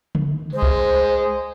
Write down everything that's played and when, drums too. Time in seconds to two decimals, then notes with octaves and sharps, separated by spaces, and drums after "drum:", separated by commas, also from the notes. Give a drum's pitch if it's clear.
0.15 drum: tom C#3
0.53 G#3 C5
0.62 drum: kick C2